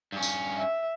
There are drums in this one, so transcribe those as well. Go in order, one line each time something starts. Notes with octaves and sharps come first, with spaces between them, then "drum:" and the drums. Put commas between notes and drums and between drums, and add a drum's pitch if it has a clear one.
G2 C#4
drum: tambourine
E5